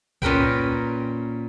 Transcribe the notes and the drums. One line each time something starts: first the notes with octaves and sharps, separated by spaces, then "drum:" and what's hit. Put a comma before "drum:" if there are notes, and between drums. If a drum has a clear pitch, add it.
A#2 C#4 A#4 B4 G5, drum: kick C2